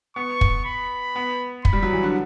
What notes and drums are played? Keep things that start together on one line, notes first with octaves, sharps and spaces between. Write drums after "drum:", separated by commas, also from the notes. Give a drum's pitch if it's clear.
B3 C#6
drum: kick
B5
B3
B5, drum: kick
G3
F#3
E3
D3